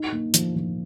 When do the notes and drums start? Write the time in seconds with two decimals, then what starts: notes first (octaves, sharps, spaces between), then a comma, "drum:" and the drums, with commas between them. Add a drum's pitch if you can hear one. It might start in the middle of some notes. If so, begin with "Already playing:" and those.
Already playing: D#4
0.12 A#3
0.34 F3, drum: hi-hat
0.56 F3